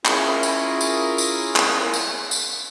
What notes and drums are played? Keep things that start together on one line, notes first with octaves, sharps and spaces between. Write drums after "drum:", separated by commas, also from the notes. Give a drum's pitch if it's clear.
C#4 E4 F4 G#4 A#4, drum: clap
drum: tambourine
drum: tambourine
drum: tambourine
drum: clap
drum: tambourine
drum: tambourine